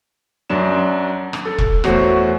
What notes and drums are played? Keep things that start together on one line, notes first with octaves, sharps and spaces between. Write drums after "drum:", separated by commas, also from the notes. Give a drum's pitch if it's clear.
F#2 F#3 D4 E7
drum: rim click
A4
drum: kick E1
E2 A3 F#4 C5 C#5, drum: rim click